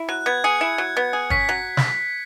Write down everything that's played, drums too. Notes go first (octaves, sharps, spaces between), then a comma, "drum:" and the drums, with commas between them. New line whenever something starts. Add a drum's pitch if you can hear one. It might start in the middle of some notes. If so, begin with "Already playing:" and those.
Already playing: E4
F#3 F#6
B3 G#6
G#4 C#7
E4 C#7
F#3
B3
G#4
C#4 B6, drum: kick
F#3
drum: snare